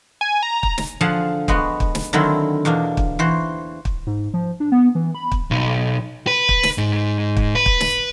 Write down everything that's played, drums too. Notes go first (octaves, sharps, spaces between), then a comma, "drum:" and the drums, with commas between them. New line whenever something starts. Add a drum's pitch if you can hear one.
G#5
A#5
drum: kick
drum: snare
D3 F3 G#4 F5 F#5 A5
G#3 B3 F#4, drum: kick
drum: kick
drum: snare
D3 D#3 F#3 C4 E4
E2 B2 A#3 D4
drum: kick
E3 F#4 C5
drum: kick
G#2
F3
D4
B3
E3
B5
drum: kick
B1
B4
drum: kick
drum: snare
G#2
drum: kick
B4
drum: kick
drum: snare